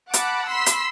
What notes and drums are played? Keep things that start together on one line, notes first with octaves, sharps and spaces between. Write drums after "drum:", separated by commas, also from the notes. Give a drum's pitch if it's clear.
F#5 A5 B5 D6 F#6, drum: hi-hat
B5 C6 E6 B6
drum: hi-hat